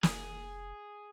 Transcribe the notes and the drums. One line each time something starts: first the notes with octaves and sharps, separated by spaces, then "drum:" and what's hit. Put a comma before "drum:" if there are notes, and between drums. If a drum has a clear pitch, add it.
F1 G#4, drum: snare